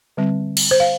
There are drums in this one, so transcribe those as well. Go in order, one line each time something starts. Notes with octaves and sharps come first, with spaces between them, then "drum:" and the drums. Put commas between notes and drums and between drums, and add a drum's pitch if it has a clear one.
D3 G3 C4
drum: cymbal
C5
F5